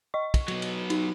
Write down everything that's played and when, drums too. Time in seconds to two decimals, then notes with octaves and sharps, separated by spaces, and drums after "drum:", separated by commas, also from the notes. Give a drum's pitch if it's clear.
0.14 D#5 C#6
0.34 drum: kick, cymbal
0.48 F#3 B3, drum: cymbal
0.62 drum: cymbal
0.90 D#4, drum: cymbal